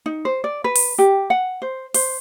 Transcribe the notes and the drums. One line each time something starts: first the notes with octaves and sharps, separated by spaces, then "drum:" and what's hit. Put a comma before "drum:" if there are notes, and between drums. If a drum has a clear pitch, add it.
D#4
C5
D5
B4
drum: open hi-hat
G4
F#5
C5
C5, drum: open hi-hat